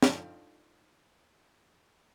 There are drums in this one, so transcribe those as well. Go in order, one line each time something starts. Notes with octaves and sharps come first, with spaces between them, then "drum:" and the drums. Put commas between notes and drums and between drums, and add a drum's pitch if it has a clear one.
D4 D#4 F4 A4 G5, drum: snare